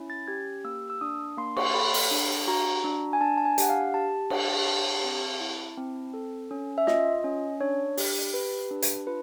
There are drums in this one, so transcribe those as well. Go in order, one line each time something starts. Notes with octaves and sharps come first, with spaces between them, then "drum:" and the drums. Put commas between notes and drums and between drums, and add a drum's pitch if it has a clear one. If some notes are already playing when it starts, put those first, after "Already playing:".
Already playing: C#4 E4
A6
G4 G#6
A#3 E6
E6
D4 D#6
A#3 C6
C#6, drum: cymbal
C6
A4 B5
drum: open hi-hat
D4
F#4 A#5
D4
G#5
D4 A5
A5
G#5
G4 F#5, drum: hi-hat
F5
G4 A5
D4, drum: cymbal
G4 A5
C4
E4
C4
A4
C#4
E5
F4 D#5, drum: snare
C#4
D4 C#5
G4, drum: open hi-hat
G4 B4
D4
drum: hi-hat
F4 B4